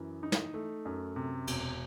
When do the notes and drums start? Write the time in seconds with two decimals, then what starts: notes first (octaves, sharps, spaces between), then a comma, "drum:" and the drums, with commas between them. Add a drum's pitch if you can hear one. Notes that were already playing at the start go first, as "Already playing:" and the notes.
Already playing: F#2 E3
0.23 D#4
0.32 drum: snare
0.54 A3
0.85 F#2
1.16 C3
1.47 E1, drum: cymbal